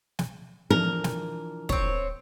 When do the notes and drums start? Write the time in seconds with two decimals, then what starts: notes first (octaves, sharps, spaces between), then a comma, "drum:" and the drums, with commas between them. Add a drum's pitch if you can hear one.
0.19 drum: snare
0.70 E3 F3 D4 A#4
1.04 drum: snare
1.69 C4 C#5, drum: kick